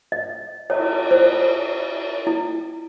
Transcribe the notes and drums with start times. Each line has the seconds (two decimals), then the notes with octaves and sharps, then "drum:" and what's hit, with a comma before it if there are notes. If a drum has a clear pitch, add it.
0.12 D#5
0.70 C#5, drum: cymbal
1.11 C5
2.27 E4